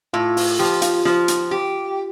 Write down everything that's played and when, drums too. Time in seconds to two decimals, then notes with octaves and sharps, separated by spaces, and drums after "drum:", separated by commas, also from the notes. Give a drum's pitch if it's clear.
0.13 A2 F4
0.37 F4, drum: open hi-hat
0.59 F3 G4
0.82 F4, drum: hi-hat
1.05 F3, drum: snare
1.28 drum: hi-hat
1.51 G4